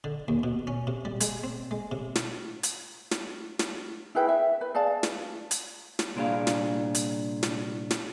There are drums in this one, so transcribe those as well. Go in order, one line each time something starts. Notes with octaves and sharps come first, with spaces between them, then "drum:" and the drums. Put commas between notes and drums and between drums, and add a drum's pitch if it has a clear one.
D3
D#2
B2
C#4
C3
G3
G#3, drum: hi-hat
C4
G#3
C3
drum: snare
drum: hi-hat
drum: snare
drum: snare
E4 G#4 B4 G5
E5
B4
G#4 D5 F5 A5
drum: snare
drum: hi-hat
drum: snare
C2 A#2 D4 E4 G#4 F5
drum: snare
drum: hi-hat
drum: snare
drum: snare